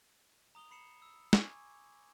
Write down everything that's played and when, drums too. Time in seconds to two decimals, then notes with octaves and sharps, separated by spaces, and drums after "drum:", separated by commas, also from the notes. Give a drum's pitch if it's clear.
0.55 A#5 D#6 F7 G7
0.71 B5 C7 C#7 E7
1.02 E6
1.33 G#5 C#6 D6 G#6, drum: snare